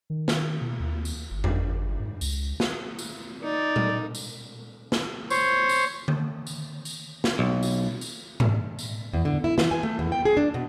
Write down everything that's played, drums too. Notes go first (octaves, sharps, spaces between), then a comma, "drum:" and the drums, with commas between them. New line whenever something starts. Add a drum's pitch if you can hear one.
D#3
drum: snare
B2
D#2
drum: tambourine
G1
drum: tom F2
G#2
C#2, drum: tambourine
drum: snare
drum: tambourine
D#4 D5
drum: tom A#2
drum: tambourine
drum: snare
C5 C#5, drum: tambourine
drum: tambourine
drum: tom D3
drum: tambourine
drum: tambourine
drum: snare
B1
drum: tambourine
drum: tambourine
drum: tom G#2
drum: tambourine
E2
D3
E4
E3, drum: snare
G#5
A3
E2
G5
G#4
D4
B2